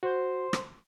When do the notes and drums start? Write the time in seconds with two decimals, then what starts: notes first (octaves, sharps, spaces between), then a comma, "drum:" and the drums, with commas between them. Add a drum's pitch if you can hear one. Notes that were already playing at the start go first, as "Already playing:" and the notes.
0.03 F#4 C5
0.53 drum: rim click